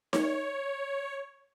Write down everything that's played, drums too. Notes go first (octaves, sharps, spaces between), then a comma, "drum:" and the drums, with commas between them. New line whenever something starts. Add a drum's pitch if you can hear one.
C#5, drum: snare D#4